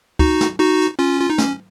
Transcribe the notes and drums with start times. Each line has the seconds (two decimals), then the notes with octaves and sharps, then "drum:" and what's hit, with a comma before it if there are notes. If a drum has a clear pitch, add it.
0.19 D#4 F#4, drum: kick
0.41 drum: snare
0.59 D#4 F#4
0.81 drum: hi-hat
0.99 C#4 F4
1.21 F4
1.30 D#4
1.38 C#4, drum: snare